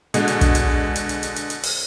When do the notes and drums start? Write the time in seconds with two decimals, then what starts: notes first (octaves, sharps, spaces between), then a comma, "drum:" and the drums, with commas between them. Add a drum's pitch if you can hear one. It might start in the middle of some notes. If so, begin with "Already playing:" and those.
0.14 B2 D3 G#3, drum: hi-hat
0.28 drum: hi-hat
0.41 drum: kick, hi-hat
0.55 drum: hi-hat
0.96 drum: hi-hat
1.09 drum: hi-hat
1.23 drum: hi-hat
1.36 drum: hi-hat
1.50 drum: hi-hat
1.63 drum: open hi-hat